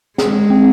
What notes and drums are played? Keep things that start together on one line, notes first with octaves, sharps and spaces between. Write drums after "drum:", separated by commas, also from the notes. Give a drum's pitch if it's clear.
G#3 G#4, drum: snare
C4